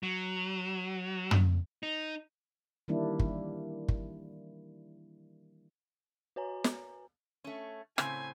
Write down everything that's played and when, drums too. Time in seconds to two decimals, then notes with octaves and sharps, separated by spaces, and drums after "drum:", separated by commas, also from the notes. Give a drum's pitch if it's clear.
0.03 F#3
1.31 drum: tom
1.83 D#4
2.88 D#3 E3 G3 A#3 D4 E4
3.20 drum: kick
3.88 drum: kick
6.36 F#4 B4 C#5 G#5 A#5
6.64 drum: snare
7.44 A3 C#4
7.98 A2 C#3 C4 G#5, drum: rim click